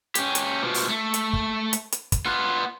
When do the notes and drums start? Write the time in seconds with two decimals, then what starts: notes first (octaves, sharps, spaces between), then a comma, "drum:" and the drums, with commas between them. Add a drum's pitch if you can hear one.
0.15 C#4 G4, drum: hi-hat
0.35 drum: hi-hat
0.63 B2 F3
0.74 drum: open hi-hat
0.89 A3
1.14 drum: hi-hat
1.33 drum: kick
1.73 drum: hi-hat
1.92 drum: hi-hat
2.12 drum: kick, hi-hat
2.26 B3 F4